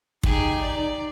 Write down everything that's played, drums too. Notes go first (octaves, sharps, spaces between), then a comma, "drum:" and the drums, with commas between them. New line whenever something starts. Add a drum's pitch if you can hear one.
D#4 G4 G#4, drum: kick
D5